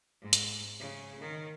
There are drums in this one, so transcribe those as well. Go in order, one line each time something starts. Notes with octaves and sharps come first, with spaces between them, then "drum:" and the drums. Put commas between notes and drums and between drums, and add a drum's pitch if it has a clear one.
G#2
drum: hi-hat
C#3
D#3